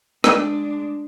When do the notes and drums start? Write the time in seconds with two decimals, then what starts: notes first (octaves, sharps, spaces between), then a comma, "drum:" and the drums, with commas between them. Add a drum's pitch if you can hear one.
0.24 G#3 D4, drum: rim click